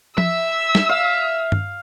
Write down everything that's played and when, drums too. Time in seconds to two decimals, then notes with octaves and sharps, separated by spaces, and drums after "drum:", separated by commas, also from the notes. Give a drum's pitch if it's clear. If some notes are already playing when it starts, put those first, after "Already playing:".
0.18 E5 E6, drum: tom F3
0.75 drum: snare
0.89 F5
1.52 drum: tom G2